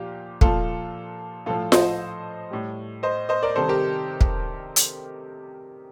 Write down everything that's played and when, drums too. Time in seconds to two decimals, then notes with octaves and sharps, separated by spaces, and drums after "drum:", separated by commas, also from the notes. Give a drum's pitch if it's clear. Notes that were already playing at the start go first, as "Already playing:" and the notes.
Already playing: A#2 F3 F4 G4
0.41 A#2 F3 F4 A4, drum: kick
1.46 A2 F3 F4 A4
1.72 C5 D#5, drum: snare F4
2.51 A2 G3
3.03 C5 D#5
3.29 C5 D#5
3.43 A#4 D5
3.55 C3 D#3 G3 A4 C5
3.68 G4 A#4
4.21 drum: kick
4.76 drum: hi-hat